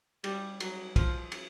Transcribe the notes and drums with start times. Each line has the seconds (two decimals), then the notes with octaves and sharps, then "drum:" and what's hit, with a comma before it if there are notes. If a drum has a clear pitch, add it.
0.24 G3, drum: cymbal
0.60 F#3, drum: cymbal
0.96 F3, drum: kick, cymbal
1.32 drum: cymbal